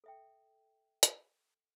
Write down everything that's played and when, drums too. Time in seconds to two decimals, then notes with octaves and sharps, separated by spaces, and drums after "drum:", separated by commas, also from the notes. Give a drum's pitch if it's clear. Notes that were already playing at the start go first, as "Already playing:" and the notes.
0.04 A4 E5 G5
1.03 drum: hi-hat